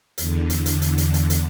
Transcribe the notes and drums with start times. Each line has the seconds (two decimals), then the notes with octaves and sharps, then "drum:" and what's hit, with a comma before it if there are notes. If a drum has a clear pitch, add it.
0.18 E2 D3, drum: hi-hat
0.50 drum: hi-hat
0.66 drum: hi-hat
0.82 drum: hi-hat
0.98 drum: hi-hat
1.14 drum: hi-hat
1.30 drum: hi-hat